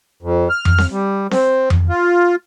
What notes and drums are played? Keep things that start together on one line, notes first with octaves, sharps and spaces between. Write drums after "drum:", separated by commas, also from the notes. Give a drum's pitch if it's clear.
F2
F6
drum: tom F2
drum: snare C4
G3
C4, drum: snare C4
drum: tom F2
F4